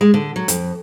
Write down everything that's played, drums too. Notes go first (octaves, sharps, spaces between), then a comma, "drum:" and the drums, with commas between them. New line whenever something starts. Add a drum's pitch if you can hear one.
G#3
D3
F#3
F2, drum: hi-hat